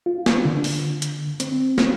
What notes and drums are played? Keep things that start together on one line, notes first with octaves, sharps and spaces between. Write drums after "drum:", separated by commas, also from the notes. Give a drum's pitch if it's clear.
F4
drum: snare
D3
drum: open hi-hat
drum: hi-hat
C4, drum: hi-hat
drum: snare